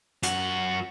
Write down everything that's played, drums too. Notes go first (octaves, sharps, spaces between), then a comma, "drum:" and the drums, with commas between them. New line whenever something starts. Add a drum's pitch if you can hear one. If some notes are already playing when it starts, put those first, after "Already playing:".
F#2 F#4, drum: hi-hat